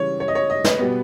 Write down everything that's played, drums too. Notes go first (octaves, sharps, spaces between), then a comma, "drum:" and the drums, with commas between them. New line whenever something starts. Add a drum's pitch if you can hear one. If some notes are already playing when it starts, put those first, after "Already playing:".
Already playing: C#3 E3 G3 C#5
C#5
D#5
C#5
D#5
B4, drum: snare
B2 G3 B3